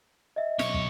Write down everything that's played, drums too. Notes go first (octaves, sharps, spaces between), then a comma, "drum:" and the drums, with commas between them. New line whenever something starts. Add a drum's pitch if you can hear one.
D#5 E5
B1 C#5, drum: snare
drum: kick